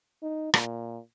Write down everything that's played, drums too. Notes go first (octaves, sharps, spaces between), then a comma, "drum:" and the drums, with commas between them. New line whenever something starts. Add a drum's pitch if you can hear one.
D#4
A#2, drum: rim click